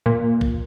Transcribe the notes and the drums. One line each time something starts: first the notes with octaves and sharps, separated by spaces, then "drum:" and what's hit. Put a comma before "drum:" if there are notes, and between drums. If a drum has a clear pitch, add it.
A#2
drum: kick